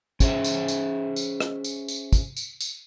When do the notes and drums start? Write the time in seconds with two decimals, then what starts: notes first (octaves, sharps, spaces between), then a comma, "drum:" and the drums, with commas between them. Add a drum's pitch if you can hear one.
0.20 C#4 G#4 C5 E5, drum: kick, tambourine
0.44 drum: tambourine
0.68 drum: tambourine
1.16 drum: tambourine
1.40 drum: rim click
1.64 drum: tambourine
1.88 drum: tambourine
2.13 drum: kick, tambourine
2.37 drum: tambourine
2.61 drum: tambourine